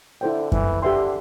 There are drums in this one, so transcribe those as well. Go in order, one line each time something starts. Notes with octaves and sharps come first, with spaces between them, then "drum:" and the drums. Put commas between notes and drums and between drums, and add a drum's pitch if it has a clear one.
D3 E4 A4 C5 G5
E3, drum: kick F#2
D3 G4 B4 E5 G5 C6